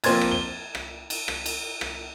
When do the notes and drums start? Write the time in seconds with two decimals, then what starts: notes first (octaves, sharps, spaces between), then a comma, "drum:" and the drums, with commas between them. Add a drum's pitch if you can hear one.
0.04 F3 A#3 C4 C6 G#6 A6, drum: cymbal
0.21 drum: rim click
0.31 G7
0.75 drum: rim click
1.10 drum: cymbal
1.28 drum: rim click
1.46 drum: cymbal
1.81 drum: rim click